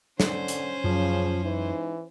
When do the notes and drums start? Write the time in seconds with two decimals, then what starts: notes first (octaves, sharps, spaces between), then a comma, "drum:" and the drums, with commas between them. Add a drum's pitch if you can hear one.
0.20 D3 C#4 C5, drum: snare
0.48 drum: hi-hat
0.84 F#2 C#3 F3 F#3
1.44 G#2 E3